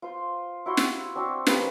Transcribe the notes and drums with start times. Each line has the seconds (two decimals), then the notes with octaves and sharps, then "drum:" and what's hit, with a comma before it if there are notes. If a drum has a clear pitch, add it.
0.02 F4 C5
0.66 E4 F#4 C6
0.77 drum: snare
1.15 C4 D4 F#4
1.47 F3 G4 A#4 B4, drum: snare